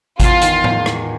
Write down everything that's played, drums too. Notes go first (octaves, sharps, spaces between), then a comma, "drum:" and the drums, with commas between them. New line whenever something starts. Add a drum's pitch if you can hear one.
E2 F4, drum: kick G#1, hi-hat
D#3, drum: hi-hat
drum: tom A2
drum: rim click